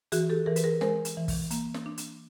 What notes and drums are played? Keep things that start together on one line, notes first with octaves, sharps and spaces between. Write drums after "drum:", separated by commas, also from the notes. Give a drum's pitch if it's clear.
E3 F#4 G#4, drum: hi-hat
G4 A4
E3 G#4 A#4
B4, drum: hi-hat
G#4 A#4
G#3 A#4 C5, drum: snare
drum: hi-hat
E3
drum: kick, open hi-hat
A#3, drum: hi-hat
drum: snare
D4
drum: hi-hat